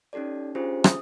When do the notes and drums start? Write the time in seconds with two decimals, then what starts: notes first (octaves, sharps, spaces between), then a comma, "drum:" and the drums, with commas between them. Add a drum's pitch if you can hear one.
0.13 C#4 D#4 G4 A4 D5
0.55 C#4 D4 F4 G4 G#4 C5
0.84 E5 D#6, drum: rim click